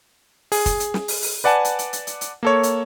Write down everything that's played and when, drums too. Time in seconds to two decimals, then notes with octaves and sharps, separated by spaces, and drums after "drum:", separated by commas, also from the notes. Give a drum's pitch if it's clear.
0.52 G#4, drum: open hi-hat
0.66 drum: kick, hi-hat
0.80 drum: hi-hat
0.94 drum: snare
1.08 drum: open hi-hat
1.22 drum: open hi-hat
1.44 B4 D5 F#5 G#5 A5
1.65 drum: hi-hat
1.79 drum: hi-hat
1.93 drum: hi-hat
2.07 drum: hi-hat
2.21 drum: hi-hat
2.43 A#3 A4 C#5
2.63 drum: hi-hat